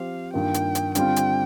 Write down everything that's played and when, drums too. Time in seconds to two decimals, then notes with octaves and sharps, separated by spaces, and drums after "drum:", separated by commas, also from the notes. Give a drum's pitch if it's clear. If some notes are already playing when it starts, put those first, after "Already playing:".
Already playing: F3 C4 G4 C5 F5
0.34 G2 D#3 A#3 F4 G5
0.54 drum: hi-hat
0.75 drum: hi-hat
0.95 D3 G3 C4 F4 G5, drum: hi-hat
1.16 drum: hi-hat